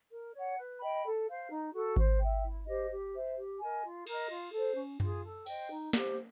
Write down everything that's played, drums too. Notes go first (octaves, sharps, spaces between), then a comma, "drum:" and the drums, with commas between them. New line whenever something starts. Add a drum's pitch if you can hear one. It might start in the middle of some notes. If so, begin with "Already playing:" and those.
A#4
C#5 F#5
B4
D#5 G5 B5
A4
C5 F5
D#4
F#4 A4
C5, drum: kick G#1
E5 G5
E4
G4 C5 D#5
G4
C5 E5
G4
A#4 D#5 G#5
F4
A#4 D#5, drum: cymbal
F4
A4 C5
C#4
F4 G#4, drum: tom F#2
A4
C5 D#5 G5, drum: cymbal
D#4
G4 C5, drum: snare